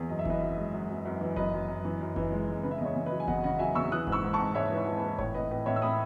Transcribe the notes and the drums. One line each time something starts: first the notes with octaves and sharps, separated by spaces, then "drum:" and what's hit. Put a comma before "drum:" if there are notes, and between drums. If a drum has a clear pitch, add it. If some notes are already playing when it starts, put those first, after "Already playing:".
Already playing: E2
F#2 D#5
E5
E3 B4 D#5, drum: kick F#1
F#2
G#3
F#2
F#2
F#2
E3
F#2 B4 D#5, drum: kick F#1
F#2
F#2
E3
F#2
E3, drum: kick F#1
G#3
G#3
C#3 B4
E5
D#5
E2 C#5
E2
B4 D#5
F#3
G#5
E2 D#5 F#5, drum: kick F#1
C#3 D#5 F#5
F#3 E5 G#5
E2 C#6 E6
E3 D#6 F#6
G#2, drum: kick F#1
C#6 E6
G#2
A5 C#6
G#2
G#2 C#5 E5
E3
C#5
E3
B4
E3
A2 C#5, drum: kick F#1
A2 B4 D#5
A2 B4 D#5
A2 C#5 E5
E6
A2 B5 D#6